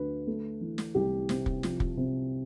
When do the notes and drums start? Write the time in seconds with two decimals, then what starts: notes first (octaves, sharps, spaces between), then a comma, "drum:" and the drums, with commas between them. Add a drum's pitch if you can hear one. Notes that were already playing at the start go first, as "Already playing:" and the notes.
Already playing: D2 D3 B4
0.27 A3
0.61 E3
0.78 drum: snare
0.95 C2 G4
1.29 C3, drum: snare
1.46 drum: kick
1.63 F3, drum: snare
1.80 drum: kick
1.97 C3